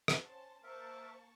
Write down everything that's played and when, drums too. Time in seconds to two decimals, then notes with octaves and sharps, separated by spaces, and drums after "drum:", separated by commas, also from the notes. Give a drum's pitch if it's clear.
0.08 drum: rim click
0.19 C#4 C5 A5
0.63 A#3 A#4 C5 E5 F5 A5 C#6